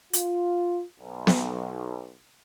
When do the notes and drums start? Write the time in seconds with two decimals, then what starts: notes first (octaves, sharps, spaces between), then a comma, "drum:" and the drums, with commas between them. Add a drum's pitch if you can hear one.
0.13 F4, drum: hi-hat
1.00 B1
1.27 drum: snare B3